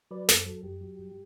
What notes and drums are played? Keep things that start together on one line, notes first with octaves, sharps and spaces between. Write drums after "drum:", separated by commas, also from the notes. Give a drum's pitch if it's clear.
F#3 B4 D5
F#2 A4 C5, drum: snare
F#3 A4
F#2 G4
F#3
G2